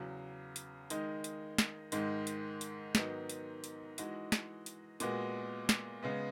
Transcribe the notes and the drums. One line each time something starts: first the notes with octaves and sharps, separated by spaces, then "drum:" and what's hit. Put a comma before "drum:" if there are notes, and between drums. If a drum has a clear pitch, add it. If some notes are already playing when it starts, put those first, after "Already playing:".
Already playing: E2 C#3 F#3
drum: hi-hat
D#3 G#3 D#4, drum: hi-hat
drum: hi-hat
drum: snare
G#2 D#3 G#3, drum: hi-hat
drum: hi-hat
drum: hi-hat
G#2 D#3 F#3 B3 D#4, drum: snare
drum: hi-hat
drum: hi-hat
E3 G#3 D#4 F#4, drum: hi-hat
drum: snare
drum: hi-hat
A#2 G#3 B3 F#4, drum: hi-hat
drum: snare
C#3 G#3 B3